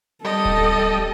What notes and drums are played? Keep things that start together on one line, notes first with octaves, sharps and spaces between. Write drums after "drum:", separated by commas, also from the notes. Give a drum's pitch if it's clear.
G3 A4 D#5
drum: kick D1